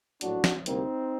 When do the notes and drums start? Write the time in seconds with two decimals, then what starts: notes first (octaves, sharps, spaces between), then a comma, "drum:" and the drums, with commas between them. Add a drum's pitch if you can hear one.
0.21 A#1 A2 F#3 D4 F#4, drum: hi-hat
0.44 drum: snare
0.66 D2 C3 G3 A#3 C4 D#4, drum: hi-hat